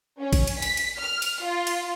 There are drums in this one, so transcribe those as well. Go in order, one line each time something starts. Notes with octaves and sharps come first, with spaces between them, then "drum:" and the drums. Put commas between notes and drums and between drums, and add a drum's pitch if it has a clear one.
C#4
drum: kick A1, cymbal
drum: cymbal
B6, drum: cymbal
drum: cymbal
F6
drum: cymbal
F4
drum: cymbal